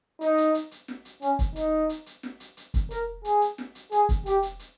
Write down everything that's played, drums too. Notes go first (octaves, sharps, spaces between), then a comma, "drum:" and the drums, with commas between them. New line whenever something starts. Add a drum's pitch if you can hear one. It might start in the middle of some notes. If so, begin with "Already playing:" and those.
D#4, drum: hi-hat
drum: hi-hat
drum: hi-hat
drum: hi-hat
drum: snare
drum: hi-hat
C#4, drum: hi-hat
drum: kick, hi-hat
D#4, drum: hi-hat
drum: hi-hat
drum: hi-hat
drum: snare
drum: hi-hat
drum: hi-hat
drum: kick, hi-hat
A#4, drum: hi-hat
G#4, drum: hi-hat
drum: hi-hat
drum: snare
drum: hi-hat
G#4, drum: hi-hat
drum: kick, hi-hat
G4, drum: hi-hat
drum: hi-hat
drum: hi-hat